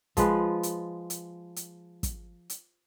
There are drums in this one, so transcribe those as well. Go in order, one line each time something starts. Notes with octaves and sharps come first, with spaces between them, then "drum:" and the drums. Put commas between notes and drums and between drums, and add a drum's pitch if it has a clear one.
F3 G#3 B4, drum: kick, hi-hat
drum: hi-hat
drum: hi-hat
drum: hi-hat
drum: kick, hi-hat
drum: hi-hat